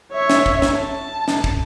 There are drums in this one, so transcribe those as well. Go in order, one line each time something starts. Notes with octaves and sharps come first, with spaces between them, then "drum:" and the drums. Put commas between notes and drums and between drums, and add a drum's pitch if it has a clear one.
C#5 E5
drum: snare
drum: kick
drum: snare
A5
drum: snare
drum: kick